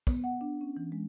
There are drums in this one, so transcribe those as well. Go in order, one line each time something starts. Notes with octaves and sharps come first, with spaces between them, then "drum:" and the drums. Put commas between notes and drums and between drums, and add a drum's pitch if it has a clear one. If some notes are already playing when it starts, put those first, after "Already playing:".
B3, drum: kick, tambourine
F#5
D4
C#4
E3
G#3